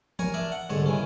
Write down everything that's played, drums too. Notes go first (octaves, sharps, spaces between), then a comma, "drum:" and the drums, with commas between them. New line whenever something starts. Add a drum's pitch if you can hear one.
A#4 C#5 G#5 A#5, drum: tom E3
D4 A#4 D5 E5
F#5
C2 G#2 D3 A4 C#5
D#3 E3 C#4